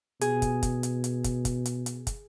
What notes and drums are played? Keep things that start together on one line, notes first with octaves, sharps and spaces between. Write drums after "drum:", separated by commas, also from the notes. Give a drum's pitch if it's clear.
B2 G#4, drum: hi-hat
drum: kick, hi-hat
drum: kick, hi-hat
drum: hi-hat
drum: hi-hat
drum: kick, hi-hat
drum: kick, hi-hat
drum: hi-hat
drum: hi-hat
drum: kick, hi-hat